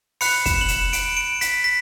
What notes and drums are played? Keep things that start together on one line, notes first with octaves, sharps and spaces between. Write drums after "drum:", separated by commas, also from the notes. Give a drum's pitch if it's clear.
B5 F#6 C#7, drum: open hi-hat
E7, drum: kick, hi-hat
F#7
E7, drum: hi-hat
D7, drum: hi-hat
D7
B6, drum: hi-hat
B6